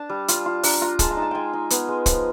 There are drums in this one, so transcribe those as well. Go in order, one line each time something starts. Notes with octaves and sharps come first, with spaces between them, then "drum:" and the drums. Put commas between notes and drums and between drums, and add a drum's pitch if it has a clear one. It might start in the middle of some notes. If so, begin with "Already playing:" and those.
Already playing: D4 A5
G3
F4, drum: hi-hat
F4
D4 A#5, drum: open hi-hat
F4 A#5
G#3 A5, drum: kick, hi-hat
A#5
D#4
A5
G#3 G5 G#5
D#4
B3, drum: hi-hat
G#3
F3, drum: kick, hi-hat